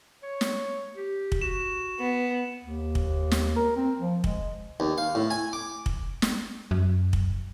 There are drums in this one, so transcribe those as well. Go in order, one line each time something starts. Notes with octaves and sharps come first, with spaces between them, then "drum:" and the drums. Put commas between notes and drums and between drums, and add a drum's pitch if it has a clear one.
C#5
drum: snare
G4
drum: kick
F#4 E7
B3
D#2
drum: kick
drum: snare
A#4
C4
F3
G#3, drum: kick
D#2
F5
A2
G#5
D6
drum: kick
drum: snare
F#2
drum: kick